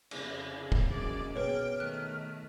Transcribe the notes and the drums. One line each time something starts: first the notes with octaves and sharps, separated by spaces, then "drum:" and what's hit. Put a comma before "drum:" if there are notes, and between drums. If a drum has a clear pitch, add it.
F2 C#3 E4 G#4 D5, drum: cymbal
drum: kick
F#2 G#4 D5 D#5
B2 G#4 B4 C#5 G5 F6
D#3 A3 F#6